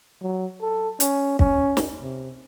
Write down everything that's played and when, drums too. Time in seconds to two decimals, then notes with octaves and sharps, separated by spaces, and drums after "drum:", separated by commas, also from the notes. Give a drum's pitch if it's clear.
0.22 F#3
0.61 A4
1.00 C#4, drum: hi-hat
1.39 C#4, drum: kick
1.77 drum: snare
2.01 C3